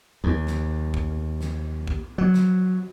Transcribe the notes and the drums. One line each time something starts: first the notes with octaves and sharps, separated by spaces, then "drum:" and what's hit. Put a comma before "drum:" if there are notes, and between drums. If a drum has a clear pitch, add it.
D#2
drum: snare
drum: kick
drum: snare
drum: kick
F#3
drum: snare